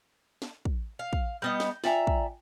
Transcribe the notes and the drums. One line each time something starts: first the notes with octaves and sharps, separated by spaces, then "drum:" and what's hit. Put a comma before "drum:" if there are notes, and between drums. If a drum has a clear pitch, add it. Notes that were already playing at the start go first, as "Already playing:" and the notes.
drum: snare
drum: kick
F5
drum: kick
G3 B3 D#5 G6 A#6 G7
drum: snare
F4 D5 E5 G5 G#5 A#5, drum: snare
drum: kick